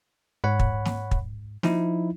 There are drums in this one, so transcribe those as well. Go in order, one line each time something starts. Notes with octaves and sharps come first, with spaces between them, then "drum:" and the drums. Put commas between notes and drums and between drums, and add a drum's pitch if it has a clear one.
G#2 C#5 F#5 B5
drum: kick
drum: snare
drum: kick
F3 D#4 E4, drum: snare